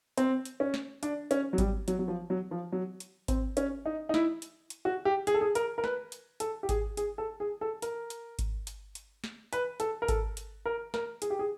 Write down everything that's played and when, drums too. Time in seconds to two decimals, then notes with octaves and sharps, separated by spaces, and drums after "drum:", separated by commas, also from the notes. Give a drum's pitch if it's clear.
0.17 C4, drum: hi-hat
0.45 drum: hi-hat
0.60 C#4
0.74 drum: snare
1.03 D4, drum: hi-hat
1.31 C#4, drum: hi-hat
1.53 F#3
1.58 G3, drum: kick G#1, hi-hat
1.88 F#3, drum: hi-hat
1.99 F#3
2.08 F3
2.30 F#3
2.51 F3
2.72 F#3
3.00 drum: hi-hat
3.28 C4, drum: kick G#1, hi-hat
3.57 C#4, drum: hi-hat
3.86 D#4
4.09 D#4
4.14 E4, drum: snare
4.42 drum: hi-hat
4.70 drum: hi-hat
4.85 F#4
5.05 G4
5.27 G#4, drum: hi-hat
5.34 A4
5.41 G#4
5.55 A#4, drum: hi-hat
5.78 A#4
5.84 B4, drum: snare
6.12 drum: hi-hat
6.40 A4, drum: hi-hat
6.63 G4
6.69 G#4, drum: kick G#1, hi-hat
6.97 G#4, drum: hi-hat
7.18 A4
7.40 G#4
7.61 A4
7.82 A#4, drum: hi-hat
8.10 drum: hi-hat
8.39 drum: kick G#1, hi-hat
8.67 drum: hi-hat
8.95 drum: hi-hat
9.24 drum: snare
9.53 B4, drum: hi-hat
9.80 A4, drum: hi-hat
10.02 A#4
10.08 A4, drum: kick G#1, hi-hat
10.37 drum: hi-hat
10.66 A#4
10.94 A#4, drum: snare
11.22 G#4, drum: hi-hat
11.30 G4
11.39 G#4